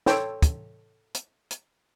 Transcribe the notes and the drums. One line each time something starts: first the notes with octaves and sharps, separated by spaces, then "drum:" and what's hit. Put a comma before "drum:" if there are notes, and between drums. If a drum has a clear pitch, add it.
A4 C#5 G5 C6, drum: snare
drum: kick, hi-hat
drum: hi-hat
drum: hi-hat